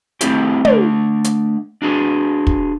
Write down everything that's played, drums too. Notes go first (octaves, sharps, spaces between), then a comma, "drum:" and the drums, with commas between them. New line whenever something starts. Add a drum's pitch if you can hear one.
A3 C4 E4 G4, drum: hi-hat
A3 D4, drum: tom
drum: hi-hat
D4 F#4 G#4
drum: kick